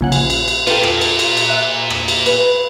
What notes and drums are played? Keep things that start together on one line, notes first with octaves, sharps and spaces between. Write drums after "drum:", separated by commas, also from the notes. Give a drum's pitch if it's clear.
A#1 C#3 F#5
drum: cymbal
drum: cymbal
drum: cymbal
A#2 F4 A4 B4 G5, drum: cymbal
drum: rim click
drum: cymbal
drum: cymbal
drum: cymbal
E5 F#6
drum: rim click
drum: cymbal
B4, drum: cymbal